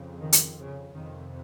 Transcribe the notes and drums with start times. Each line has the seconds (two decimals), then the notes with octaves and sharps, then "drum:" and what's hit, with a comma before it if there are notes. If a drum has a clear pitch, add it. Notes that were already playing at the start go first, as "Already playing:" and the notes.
Already playing: F2 C#3
0.21 D#3
0.32 drum: hi-hat
0.58 C#3
0.95 F2 C3 D#3